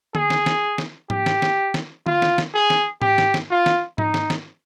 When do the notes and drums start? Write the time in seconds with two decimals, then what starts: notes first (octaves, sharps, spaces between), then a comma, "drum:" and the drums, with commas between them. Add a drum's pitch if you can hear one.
0.15 G#4, drum: tom D3
0.30 drum: snare
0.46 drum: snare
0.78 drum: snare
1.10 G4, drum: tom G#2
1.26 drum: snare
1.42 drum: snare
1.74 drum: snare
2.06 F4, drum: tom D3
2.22 drum: snare
2.38 drum: snare
2.54 G#4
2.70 drum: snare
3.02 G4, drum: tom G#2
3.18 drum: snare
3.34 drum: snare
3.50 F4
3.66 drum: snare
3.98 D#4, drum: tom G#2
4.14 drum: snare
4.30 drum: snare